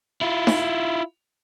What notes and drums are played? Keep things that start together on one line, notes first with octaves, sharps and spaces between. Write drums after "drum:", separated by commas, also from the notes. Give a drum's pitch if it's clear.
E4 F4
drum: snare D#4